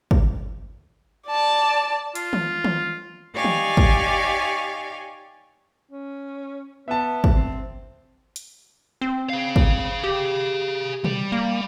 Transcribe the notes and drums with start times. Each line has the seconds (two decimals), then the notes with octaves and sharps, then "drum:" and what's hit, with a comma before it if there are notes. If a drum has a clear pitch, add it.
0.11 drum: kick
1.27 D5 A5
2.15 F4, drum: hi-hat
2.33 drum: tom D#3
2.64 drum: tom D#3
3.34 D#4 G4 C#5 D5 F5 G#5
3.44 drum: tom D#3
3.77 drum: kick
5.90 C#4
6.88 B3 E5 A5
7.24 drum: kick
7.33 C4
8.36 drum: hi-hat
9.01 C4
9.30 G#4 F5
9.56 drum: kick
10.04 G4
11.04 G3, drum: tom B2
11.32 A#3